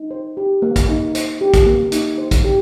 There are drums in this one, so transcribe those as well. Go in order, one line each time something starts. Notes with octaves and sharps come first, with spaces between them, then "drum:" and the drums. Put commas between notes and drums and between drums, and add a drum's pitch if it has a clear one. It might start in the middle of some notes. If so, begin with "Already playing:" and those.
Already playing: D#4
C5
G4
A#3
drum: kick, hi-hat
D#4
C5, drum: hi-hat
G4
drum: kick, hi-hat
A#3
D#4, drum: hi-hat
C5
drum: kick, hi-hat
G4